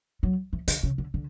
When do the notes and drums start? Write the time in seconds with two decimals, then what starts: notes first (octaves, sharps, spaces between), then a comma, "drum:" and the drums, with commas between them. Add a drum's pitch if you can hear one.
0.23 F#3
0.53 E3
0.68 D3, drum: hi-hat
0.83 C#3
0.98 D3
1.14 D3